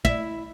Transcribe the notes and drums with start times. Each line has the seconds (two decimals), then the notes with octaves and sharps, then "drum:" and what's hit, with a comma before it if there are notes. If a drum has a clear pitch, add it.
0.05 E4, drum: kick